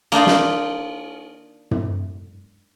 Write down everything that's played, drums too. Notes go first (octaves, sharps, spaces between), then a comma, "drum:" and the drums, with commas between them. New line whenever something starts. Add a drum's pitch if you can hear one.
A#3 D4 D#4 F4, drum: cymbal
drum: snare
drum: tom